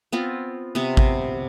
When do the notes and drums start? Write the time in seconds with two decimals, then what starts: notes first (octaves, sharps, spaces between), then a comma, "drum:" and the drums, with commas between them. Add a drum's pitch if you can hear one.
0.13 B3 C4 F4
0.75 C3 B3
0.97 drum: kick A1